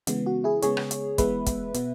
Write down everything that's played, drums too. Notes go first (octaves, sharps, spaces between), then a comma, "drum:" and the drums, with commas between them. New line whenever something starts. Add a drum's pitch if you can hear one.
C#3 E3 G#3 B3, drum: hi-hat
F#4
E4 G#4
C#3 G#3 B3 G#4 C#5, drum: hi-hat
drum: rim click
drum: hi-hat
E3 G#3 B3 B4 E5, drum: kick, hi-hat
drum: kick, hi-hat
B2 B3, drum: hi-hat